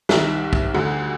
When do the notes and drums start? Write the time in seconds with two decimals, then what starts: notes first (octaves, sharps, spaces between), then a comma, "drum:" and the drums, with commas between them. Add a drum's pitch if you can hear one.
0.09 C2 C3 D#3 E5, drum: snare
0.53 drum: kick
0.74 D2 D3